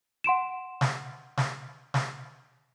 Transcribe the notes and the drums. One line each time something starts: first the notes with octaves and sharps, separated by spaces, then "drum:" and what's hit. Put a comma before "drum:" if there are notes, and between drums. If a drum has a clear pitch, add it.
F#5 C6 D7 E7
drum: snare
drum: snare
drum: snare